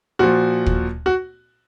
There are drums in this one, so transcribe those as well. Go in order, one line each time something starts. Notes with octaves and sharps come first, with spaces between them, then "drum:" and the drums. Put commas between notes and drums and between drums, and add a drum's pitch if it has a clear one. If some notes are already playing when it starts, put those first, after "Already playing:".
A#2 F3 F#4
drum: kick
F#4